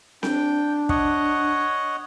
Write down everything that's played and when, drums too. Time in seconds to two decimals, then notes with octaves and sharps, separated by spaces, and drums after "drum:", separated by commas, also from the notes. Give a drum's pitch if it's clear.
0.23 D4 G5, drum: snare C4
0.89 C#5 D#5 F#5, drum: kick